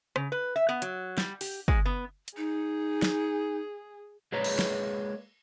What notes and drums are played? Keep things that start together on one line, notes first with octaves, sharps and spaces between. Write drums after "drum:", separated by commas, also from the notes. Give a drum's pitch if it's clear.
C#3, drum: rim click
B4
E5
B3
F#3, drum: hi-hat
G3, drum: snare
G4, drum: open hi-hat
G#3, drum: kick
B3
drum: hi-hat
D#4 G#4
drum: snare
G#3 A#3 G#4 B4 C#5 A#5
drum: cymbal
drum: snare